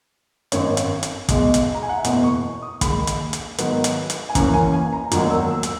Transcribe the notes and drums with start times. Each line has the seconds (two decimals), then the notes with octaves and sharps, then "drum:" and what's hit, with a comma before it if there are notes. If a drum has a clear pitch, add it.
0.52 G#1 F#2 D#3 C#5, drum: hi-hat
0.77 drum: hi-hat
1.03 drum: hi-hat
1.29 B1 B2 G#3, drum: kick, hi-hat
1.54 drum: hi-hat
1.75 A#5
1.83 G#5
1.89 F#5
1.98 E5
2.04 F#1 E2 B2 D#5, drum: hi-hat
2.24 C#6
2.62 D#6
2.81 D#2 D#3 G#3 B5, drum: kick, hi-hat
3.07 drum: hi-hat
3.33 drum: hi-hat
3.58 G#2 D#3 F#3 B3, drum: hi-hat
3.84 drum: hi-hat
4.10 drum: hi-hat
4.29 G#5
4.35 F#2 E3 A#3 C#4 A#5, drum: kick, hi-hat
4.54 G#5
4.73 G#5
4.93 A#5
5.12 E1 D#2 D#3 F#3 A#5, drum: hi-hat
5.31 E6
5.51 E6
5.63 drum: hi-hat